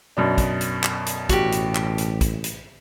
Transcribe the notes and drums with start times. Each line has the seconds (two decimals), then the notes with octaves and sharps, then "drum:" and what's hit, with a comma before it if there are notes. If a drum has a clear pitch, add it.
0.17 F#2 B2 D4
0.38 drum: kick, hi-hat
0.61 drum: hi-hat
0.84 drum: clap
1.06 drum: hi-hat
1.29 A1 F#4 G4, drum: kick, hi-hat
1.52 drum: hi-hat
1.75 drum: clap
1.98 drum: hi-hat
2.21 drum: kick, hi-hat
2.44 drum: hi-hat